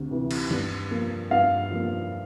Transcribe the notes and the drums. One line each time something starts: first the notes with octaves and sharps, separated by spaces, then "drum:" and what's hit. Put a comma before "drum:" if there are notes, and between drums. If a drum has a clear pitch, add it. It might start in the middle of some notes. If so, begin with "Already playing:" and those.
Already playing: D2 C3
C3 E3
drum: cymbal
G2, drum: tom D#3
F3 A#3
G2 F5
F3 A#3